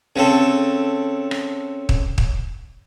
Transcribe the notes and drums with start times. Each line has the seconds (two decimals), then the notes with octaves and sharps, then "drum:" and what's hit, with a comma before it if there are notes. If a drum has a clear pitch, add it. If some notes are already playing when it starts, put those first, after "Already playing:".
0.16 C#3 C4 A4
1.31 drum: rim click
1.89 drum: kick
2.18 drum: kick